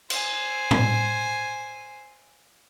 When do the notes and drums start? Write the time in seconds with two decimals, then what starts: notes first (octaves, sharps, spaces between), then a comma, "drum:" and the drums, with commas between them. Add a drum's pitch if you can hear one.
0.10 C5 G#5, drum: cymbal
0.71 drum: tom A2